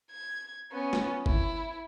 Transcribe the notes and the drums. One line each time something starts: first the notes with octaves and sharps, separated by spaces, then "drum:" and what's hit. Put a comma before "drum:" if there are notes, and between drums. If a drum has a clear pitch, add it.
G#6
B3 C#4
drum: snare
E4, drum: kick G1